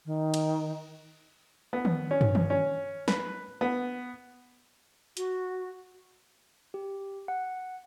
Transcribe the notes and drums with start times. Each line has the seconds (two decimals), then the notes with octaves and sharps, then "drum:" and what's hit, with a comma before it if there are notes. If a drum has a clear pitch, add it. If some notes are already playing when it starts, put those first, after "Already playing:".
0.06 D#3
0.34 drum: cymbal
1.73 B3
1.85 drum: tom D#3
2.11 C#4
2.21 drum: tom
2.35 drum: tom D#3
2.50 C#4
3.08 B4, drum: snare
3.61 B3
5.17 F#4, drum: hi-hat
6.74 G4
7.28 F#5